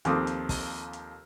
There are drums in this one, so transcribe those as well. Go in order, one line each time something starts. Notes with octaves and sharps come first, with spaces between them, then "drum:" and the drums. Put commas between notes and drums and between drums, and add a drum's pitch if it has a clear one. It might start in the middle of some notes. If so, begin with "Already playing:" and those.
D#2 F3 A3 C4 D6 D#6, drum: hi-hat
drum: hi-hat
drum: kick, open hi-hat
drum: hi-hat